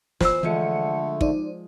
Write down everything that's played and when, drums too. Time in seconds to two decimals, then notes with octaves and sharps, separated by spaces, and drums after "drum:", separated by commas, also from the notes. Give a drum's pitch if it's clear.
0.21 E3 F4 C5 E6, drum: snare
0.43 D3 E3 F3 G#3 A3 C#7
1.21 D#4 C5 D5, drum: kick